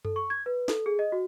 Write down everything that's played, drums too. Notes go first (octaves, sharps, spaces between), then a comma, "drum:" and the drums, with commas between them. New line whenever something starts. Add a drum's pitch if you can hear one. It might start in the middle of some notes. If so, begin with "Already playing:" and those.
A4, drum: tom F#2
C#6
G#6
B4
A4, drum: snare
G#4
D#5
F#4